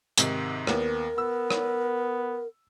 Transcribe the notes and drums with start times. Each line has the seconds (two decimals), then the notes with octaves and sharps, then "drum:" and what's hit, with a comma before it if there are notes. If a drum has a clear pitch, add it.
0.18 G#2 C3 D#3, drum: hi-hat
0.67 D#2 B3 A#4, drum: rim click
1.18 B3 E6
1.50 drum: rim click